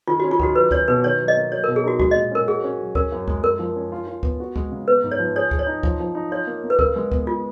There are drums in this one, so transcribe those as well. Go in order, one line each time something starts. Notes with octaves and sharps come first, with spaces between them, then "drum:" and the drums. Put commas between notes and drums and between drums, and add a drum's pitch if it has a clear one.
D#3 F4
C#4 F#4
F4
D#3 F#4, drum: kick
F#3 B4
C#4 C#5, drum: kick
B2 B4
D#3 C#5
F#3
D#5
A#3
F#3 C#5
B2 A#4
G#4
D#4 F#4
G#3 F#4, drum: kick
A#2 D#5
C#4 A#4
F#4 G#4
C#4
F#3
C#4 A#4, drum: kick
F#2
G#3, drum: kick
G#3 A#4
F3
C#4
F4
F4
B3, drum: kick
F#4
G#3, drum: kick
C#3
B3 B4
G#2
C#5
F3
G#4 C#5
G#4, drum: kick
C#5
D#4
F3, drum: kick
F3
D#4
F4 C#5
A#3
A#3
B4
C#3 A#4, drum: kick
G#3
B3, drum: kick
F4